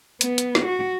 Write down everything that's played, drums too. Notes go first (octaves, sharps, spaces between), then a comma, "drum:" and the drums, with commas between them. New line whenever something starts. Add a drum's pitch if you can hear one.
B3, drum: hi-hat
drum: hi-hat
drum: snare
F#4